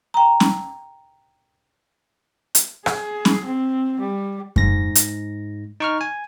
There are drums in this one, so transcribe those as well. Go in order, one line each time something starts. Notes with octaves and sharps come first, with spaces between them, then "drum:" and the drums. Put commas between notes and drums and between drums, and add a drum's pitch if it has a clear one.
G5 A#5
drum: snare
drum: hi-hat
G#4, drum: rim click
drum: snare
C4
G3
G#2 A#6, drum: kick F#2
drum: hi-hat
D#4 C#6 F6
G#5